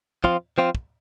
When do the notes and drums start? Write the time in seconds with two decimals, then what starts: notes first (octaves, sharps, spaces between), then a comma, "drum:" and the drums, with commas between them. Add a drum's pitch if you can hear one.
0.24 F3 C4 F4, drum: kick
0.58 F3 C4 F4
0.75 drum: kick